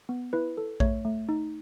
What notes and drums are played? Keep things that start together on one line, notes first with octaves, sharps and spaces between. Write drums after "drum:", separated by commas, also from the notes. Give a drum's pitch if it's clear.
B3
E4 B4
A4
A3 C#5, drum: kick A#1
A3
D#4